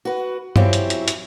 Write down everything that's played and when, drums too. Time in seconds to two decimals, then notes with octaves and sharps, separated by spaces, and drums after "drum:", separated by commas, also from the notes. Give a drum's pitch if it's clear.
0.05 F#4 B4
0.56 F#3 C4 C#4 E4 F4 G4, drum: tom G2
0.73 drum: hi-hat
0.90 drum: hi-hat
1.08 drum: hi-hat